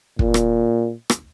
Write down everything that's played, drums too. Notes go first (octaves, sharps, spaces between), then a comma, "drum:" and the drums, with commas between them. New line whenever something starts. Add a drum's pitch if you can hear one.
A#2, drum: kick
drum: rim click
drum: rim click